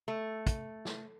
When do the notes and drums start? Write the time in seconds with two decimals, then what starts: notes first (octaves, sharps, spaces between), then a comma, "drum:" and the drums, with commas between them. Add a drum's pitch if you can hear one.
0.08 A3
0.47 drum: kick, hi-hat
0.85 drum: snare